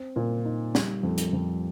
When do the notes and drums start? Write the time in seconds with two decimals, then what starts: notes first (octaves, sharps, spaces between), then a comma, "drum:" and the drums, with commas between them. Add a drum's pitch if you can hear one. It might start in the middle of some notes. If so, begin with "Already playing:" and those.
Already playing: C4
0.16 A#2
0.45 D#4
0.75 G3, drum: snare
1.03 F2
1.18 drum: hi-hat
1.33 F2